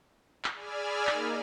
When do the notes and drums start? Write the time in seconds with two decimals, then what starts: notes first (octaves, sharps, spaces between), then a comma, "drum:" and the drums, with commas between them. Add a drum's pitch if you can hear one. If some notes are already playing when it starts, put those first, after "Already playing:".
0.44 drum: clap
0.54 G#4 D5 G#5 B5 E6 F6
1.07 A#3 D#4 A#4, drum: clap